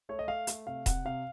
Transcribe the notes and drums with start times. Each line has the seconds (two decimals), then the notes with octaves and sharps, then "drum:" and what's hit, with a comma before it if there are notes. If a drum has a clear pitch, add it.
0.09 A3 C#5
0.19 D#5
0.28 A3 F5
0.47 A3, drum: hi-hat
0.67 C3 F5
0.86 C3 F#5, drum: kick D#1, hi-hat
1.05 C3 F5